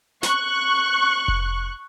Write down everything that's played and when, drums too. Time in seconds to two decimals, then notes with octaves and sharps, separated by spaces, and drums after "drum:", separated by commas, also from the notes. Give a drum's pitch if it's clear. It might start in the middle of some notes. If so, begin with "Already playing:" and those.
0.23 C#6 F#6, drum: snare
1.28 drum: kick F1